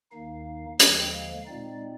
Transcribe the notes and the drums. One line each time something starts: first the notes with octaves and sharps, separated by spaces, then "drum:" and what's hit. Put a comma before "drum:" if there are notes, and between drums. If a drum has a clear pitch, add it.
D#2 D#3 A#3 D#4 F5
D#2 D3 F3 G#3 G5, drum: hi-hat
F5
A#2 G#3 C4 D#4 D5